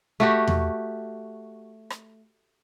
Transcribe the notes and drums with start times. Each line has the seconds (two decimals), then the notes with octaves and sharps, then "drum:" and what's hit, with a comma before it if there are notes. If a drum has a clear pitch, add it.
0.20 A3 F#4 G4
0.48 drum: tom E2
1.90 drum: rim click